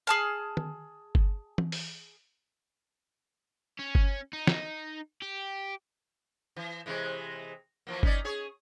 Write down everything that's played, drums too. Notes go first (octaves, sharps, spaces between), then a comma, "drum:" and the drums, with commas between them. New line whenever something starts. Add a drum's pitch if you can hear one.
G#4 A5 F6
drum: tom D#3
drum: kick G1
drum: tom E3
drum: open hi-hat
C#4
drum: kick G1
D#4
drum: snare
G4
E3
C3 E3 G#3
E3 F3 A#3
C#4 D#4 D5, drum: kick G1
G#4 C#5